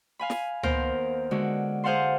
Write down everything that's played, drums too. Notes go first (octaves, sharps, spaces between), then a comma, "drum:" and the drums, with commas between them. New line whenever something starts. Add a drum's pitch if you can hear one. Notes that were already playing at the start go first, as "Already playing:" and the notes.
F5 G#5 B5
drum: snare
D#2 B3 A#4 C5, drum: tom C#2
D3 G#3 F#4
G#4 C5 F5 F#5 A5 C6